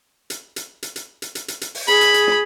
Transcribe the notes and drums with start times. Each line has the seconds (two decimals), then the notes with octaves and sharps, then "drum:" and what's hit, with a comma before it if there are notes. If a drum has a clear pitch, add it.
0.30 drum: hi-hat
0.56 drum: hi-hat
0.83 drum: hi-hat
0.96 drum: hi-hat
1.22 drum: hi-hat
1.35 drum: hi-hat
1.48 drum: hi-hat
1.61 drum: hi-hat
1.75 drum: open hi-hat
1.88 G#4 B5, drum: hi-hat
2.01 drum: hi-hat
2.14 drum: hi-hat
2.27 drum: snare